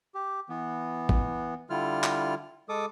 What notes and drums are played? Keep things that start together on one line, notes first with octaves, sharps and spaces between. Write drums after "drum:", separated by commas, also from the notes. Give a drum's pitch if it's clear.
G4
E3 B3
drum: kick
D3 G3 E4 F4 F6
drum: clap
G#3 A4 D6 D#6